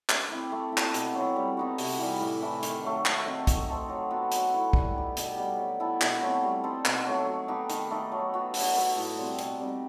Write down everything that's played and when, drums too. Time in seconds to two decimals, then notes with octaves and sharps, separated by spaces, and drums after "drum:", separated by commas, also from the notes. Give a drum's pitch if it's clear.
0.09 A3, drum: clap
0.30 C4 E4 G4
0.52 A3
0.72 E4
0.77 A4, drum: clap
0.94 B2, drum: hi-hat
1.15 F#3 C4 E4
1.36 G3
1.57 B3 D#4 F#4
1.78 C3, drum: open hi-hat
1.99 E3 G3
2.21 A2
2.42 E3 A3
2.63 D#3, drum: hi-hat
2.84 F#3 A3
3.05 D#3, drum: clap
3.26 A3 C4 D#4
3.47 A3, drum: kick, hi-hat
3.68 D#4 A4 C5
3.89 F#3
4.11 B3 F#4 B4
4.32 F#3, drum: hi-hat
4.53 B3 E4 B4
4.73 G3, drum: kick
4.96 D#4 G4
5.17 B2, drum: hi-hat
5.37 G3 B3
5.58 F#3
5.80 B3 E4 A4
6.01 B2, drum: clap
6.21 F#3 A3 C4
6.43 G3
6.64 D#4 A4 C5
6.85 B2, drum: clap
7.06 F#3 A3
7.27 F#3
7.48 B3 D#4 G4
7.70 D#3, drum: hi-hat
7.91 A3 D#4
8.12 F#3
8.34 B3 F#4
8.54 F#3, drum: open hi-hat
8.75 B3 F#4 A4
8.96 A2
9.17 G3 C4
9.39 B2, drum: hi-hat
9.60 G3 C4 D#4